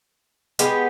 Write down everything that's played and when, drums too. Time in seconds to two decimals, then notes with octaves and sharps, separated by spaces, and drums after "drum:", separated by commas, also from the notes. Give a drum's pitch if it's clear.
0.59 G#3 B3 G4, drum: hi-hat